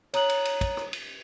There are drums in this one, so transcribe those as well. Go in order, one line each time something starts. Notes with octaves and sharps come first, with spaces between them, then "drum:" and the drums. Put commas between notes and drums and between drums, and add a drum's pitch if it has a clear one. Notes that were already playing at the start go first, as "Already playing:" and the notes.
C#5 A#5 D#6 F#6 F#7, drum: cymbal
drum: cymbal
drum: cymbal
drum: kick, cymbal
drum: rim click
drum: cymbal